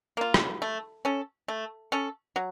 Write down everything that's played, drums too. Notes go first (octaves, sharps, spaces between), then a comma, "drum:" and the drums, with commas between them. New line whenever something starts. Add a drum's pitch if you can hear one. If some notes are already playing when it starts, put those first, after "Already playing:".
A#3 F4
drum: rim click
A3
C#4 A4
A3
C#4 A4
F#3